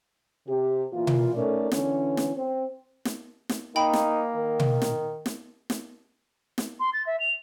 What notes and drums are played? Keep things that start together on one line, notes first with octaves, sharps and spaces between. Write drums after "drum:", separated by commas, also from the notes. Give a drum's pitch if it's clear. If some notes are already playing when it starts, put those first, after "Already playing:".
C3 G4
A#2 E3 A#3 F4
drum: tom B2
A3 C#4 D#4 A4 A#4 D5
D3 E3 C#4, drum: snare
drum: snare
C4
drum: snare
drum: snare
A#3 D#4 G5 B5
drum: snare
D#3
drum: tom B2
drum: snare
drum: snare
drum: snare
drum: snare
C6
A6
E5
F7